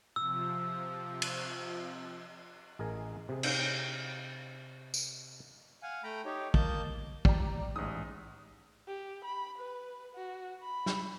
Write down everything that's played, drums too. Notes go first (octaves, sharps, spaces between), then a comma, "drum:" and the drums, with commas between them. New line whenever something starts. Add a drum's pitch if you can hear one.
C3 F3 E6
drum: cymbal
A1 G#4 A#4 D#5 G#5
C3 G#4
drum: cymbal
drum: tambourine
F5 F#5 G#5
A3 G5 A#5 B5
D#4 G4 C#5
A#3 D#5 A5 G6, drum: kick
G4 D5 G5 A#5, drum: kick
A1 G#2 D#6
G4
B5
B4
F#4
B5
drum: snare